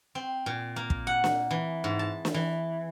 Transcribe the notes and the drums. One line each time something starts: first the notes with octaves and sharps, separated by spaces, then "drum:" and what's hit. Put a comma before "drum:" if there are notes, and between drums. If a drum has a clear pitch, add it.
C4
A#2
A#3
drum: kick
F#5
drum: snare
E3
G#2
A5
drum: snare
E3